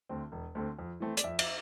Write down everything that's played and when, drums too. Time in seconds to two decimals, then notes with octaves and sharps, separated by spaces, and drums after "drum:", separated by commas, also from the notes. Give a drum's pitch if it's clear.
0.09 D2 D3 A3 C4
0.32 E1
0.55 D2 D3 A3 C4
0.79 F2
1.00 E3 A3 C4
1.17 D5, drum: hi-hat
1.24 F2 E5
1.39 E5, drum: cymbal